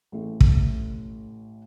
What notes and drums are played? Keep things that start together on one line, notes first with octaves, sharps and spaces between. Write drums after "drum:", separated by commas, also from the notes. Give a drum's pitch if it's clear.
A1 A2 A3 E4
drum: kick